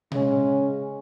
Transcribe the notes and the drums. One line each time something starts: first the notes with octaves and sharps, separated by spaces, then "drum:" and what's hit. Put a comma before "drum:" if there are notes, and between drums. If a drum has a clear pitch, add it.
C#3 G#3 C#4, drum: tom A#2